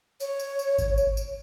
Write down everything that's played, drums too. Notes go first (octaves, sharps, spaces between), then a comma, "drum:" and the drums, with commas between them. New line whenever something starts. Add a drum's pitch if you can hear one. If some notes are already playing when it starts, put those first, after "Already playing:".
C#5, drum: tambourine
drum: tambourine
drum: tambourine
drum: kick G1, tambourine
drum: tambourine
drum: tambourine